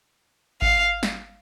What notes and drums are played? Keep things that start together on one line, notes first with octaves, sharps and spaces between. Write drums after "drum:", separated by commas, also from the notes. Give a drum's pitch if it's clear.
F5, drum: kick G#1
drum: snare